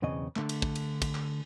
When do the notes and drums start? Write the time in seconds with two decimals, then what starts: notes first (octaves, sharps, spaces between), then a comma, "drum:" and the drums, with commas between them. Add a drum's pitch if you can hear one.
0.02 B1 E2 C#3 C4 D#5
0.36 D3 A3, drum: clap
0.49 drum: cymbal
0.62 drum: kick
0.75 drum: cymbal
1.02 drum: kick, cymbal
1.15 drum: clap